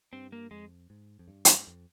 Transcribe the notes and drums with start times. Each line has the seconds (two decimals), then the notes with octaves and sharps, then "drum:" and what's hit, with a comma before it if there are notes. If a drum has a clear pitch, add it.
0.13 G2 C4
0.32 A#3
0.51 F2 G#3
0.90 G#2
1.19 F2
1.28 G2
1.45 drum: hi-hat
1.67 F2